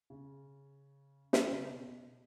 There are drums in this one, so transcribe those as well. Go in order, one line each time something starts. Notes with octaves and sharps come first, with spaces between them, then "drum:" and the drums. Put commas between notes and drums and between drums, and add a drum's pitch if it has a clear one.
C#3
drum: snare
C#3
B2
B2